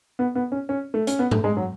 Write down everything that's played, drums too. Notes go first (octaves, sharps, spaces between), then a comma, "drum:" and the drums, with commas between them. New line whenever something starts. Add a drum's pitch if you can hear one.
B3
B3
C#4
C#4
A3
C#4, drum: hi-hat
B3
A3, drum: tom G#2
G#3
F#3